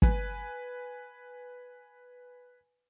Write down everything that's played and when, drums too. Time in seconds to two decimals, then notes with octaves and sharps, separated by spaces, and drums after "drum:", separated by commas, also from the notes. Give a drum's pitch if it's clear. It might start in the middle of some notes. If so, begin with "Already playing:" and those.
0.02 B4 G#5, drum: kick